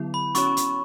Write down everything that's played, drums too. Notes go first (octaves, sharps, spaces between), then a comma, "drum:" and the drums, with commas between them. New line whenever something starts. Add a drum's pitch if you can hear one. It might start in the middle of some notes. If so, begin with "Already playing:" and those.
Already playing: D3 F#3 B3 E4
B5
C#4 F#4 C#5 C#6, drum: hi-hat
drum: hi-hat